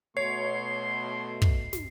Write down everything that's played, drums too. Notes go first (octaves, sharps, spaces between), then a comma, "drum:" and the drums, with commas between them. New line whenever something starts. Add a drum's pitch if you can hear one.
B2 A3 C#5 C6 C7
drum: kick
drum: snare